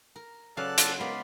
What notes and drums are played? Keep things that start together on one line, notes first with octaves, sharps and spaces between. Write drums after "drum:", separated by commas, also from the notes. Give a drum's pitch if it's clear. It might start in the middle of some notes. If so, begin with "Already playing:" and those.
A#4
C#3 F#3 A4 B4 D5 F5 A5 F#6
F4, drum: hi-hat
G#3 B3 A#4 D5 F5 B5 C6